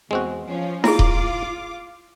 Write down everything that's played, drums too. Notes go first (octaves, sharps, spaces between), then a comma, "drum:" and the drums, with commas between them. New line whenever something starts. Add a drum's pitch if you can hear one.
E2 G#3 C4 F#4
F3 C#4
E4 F4 G#4 D6, drum: snare D#4
drum: kick D#1